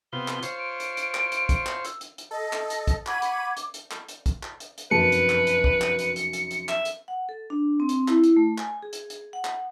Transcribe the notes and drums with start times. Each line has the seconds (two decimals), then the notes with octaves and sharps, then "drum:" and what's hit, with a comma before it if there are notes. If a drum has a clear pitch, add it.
0.13 C3 B3 F4 G7
0.28 drum: clap
0.43 F4 C5 C#5 C6, drum: hi-hat
0.59 D7
0.80 drum: hi-hat
0.97 drum: hi-hat
1.15 drum: clap
1.32 drum: hi-hat
1.49 drum: kick A#1, hi-hat
1.66 drum: clap
1.85 E6, drum: hi-hat
2.01 drum: hi-hat
2.18 drum: hi-hat
2.31 A4 D#5
2.53 drum: clap
2.70 drum: hi-hat
2.87 drum: kick A#1, hi-hat
3.07 F#5 B5 C#6 D6 G#6 D#7, drum: clap
3.22 drum: hi-hat
3.57 drum: hi-hat
3.74 drum: hi-hat
3.91 drum: clap
4.09 drum: hi-hat
4.26 drum: kick A#1, hi-hat
4.43 drum: clap
4.60 drum: hi-hat
4.78 drum: hi-hat
4.91 F1 F#2 B4 A5 C#7
5.12 drum: hi-hat
5.30 drum: clap
5.47 drum: hi-hat
5.64 drum: kick A#1
5.81 drum: clap
5.99 drum: hi-hat
6.16 drum: hi-hat
6.33 drum: hi-hat
6.51 drum: hi-hat
6.69 E5, drum: clap
6.85 drum: hi-hat
7.08 F#5
7.29 A4
7.50 D4
7.80 C4
7.89 drum: hi-hat
8.08 E4, drum: clap
8.24 drum: hi-hat
8.37 A3
8.58 G#5, drum: clap
8.83 G#4
8.93 drum: hi-hat
9.10 drum: hi-hat
9.33 F#5
9.45 drum: clap